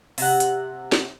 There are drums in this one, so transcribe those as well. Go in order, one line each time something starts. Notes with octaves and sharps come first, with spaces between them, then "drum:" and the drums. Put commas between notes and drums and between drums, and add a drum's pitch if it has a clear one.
C3 F#5, drum: open hi-hat
drum: hi-hat
drum: snare